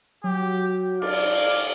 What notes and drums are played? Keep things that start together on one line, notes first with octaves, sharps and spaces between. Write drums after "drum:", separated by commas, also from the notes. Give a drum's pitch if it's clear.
F#3 G4
D5 F5, drum: cymbal